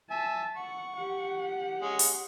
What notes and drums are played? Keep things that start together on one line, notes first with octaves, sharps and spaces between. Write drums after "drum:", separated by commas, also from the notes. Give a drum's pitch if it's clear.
E5 G#5 A5
F#5 C#6
G4 F#5
G#3 C#4
drum: open hi-hat